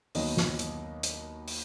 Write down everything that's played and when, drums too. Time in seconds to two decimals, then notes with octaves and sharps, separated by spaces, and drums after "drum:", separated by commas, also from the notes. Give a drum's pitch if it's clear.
0.15 D#2 D#3 F#3 B3 D#5, drum: open hi-hat
0.37 drum: snare
0.59 drum: hi-hat
1.03 drum: hi-hat
1.48 drum: open hi-hat